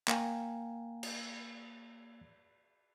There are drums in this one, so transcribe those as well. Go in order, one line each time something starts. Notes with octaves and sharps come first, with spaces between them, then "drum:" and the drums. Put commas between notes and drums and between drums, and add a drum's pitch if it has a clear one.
A#3 F5 G5 G#5 A#5, drum: clap
drum: cymbal